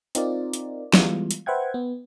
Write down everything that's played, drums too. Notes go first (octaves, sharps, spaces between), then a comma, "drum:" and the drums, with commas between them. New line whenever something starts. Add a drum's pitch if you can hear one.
C4 D#4 F4 A#4 D5, drum: hi-hat
drum: hi-hat
E3 G3 G#3 B3 F4, drum: snare
drum: hi-hat
B4 C5 E5 F#5 G5 G#6
B3